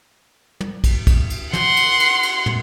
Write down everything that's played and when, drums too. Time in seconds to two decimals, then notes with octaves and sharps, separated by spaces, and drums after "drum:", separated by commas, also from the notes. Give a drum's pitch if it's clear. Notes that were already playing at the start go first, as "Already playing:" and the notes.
0.61 drum: tom
0.84 drum: kick, cymbal
1.07 drum: kick, cymbal
1.30 drum: cymbal
1.53 F#5 C6, drum: snare
1.77 drum: cymbal
2.00 drum: cymbal
2.23 drum: cymbal
2.46 drum: tom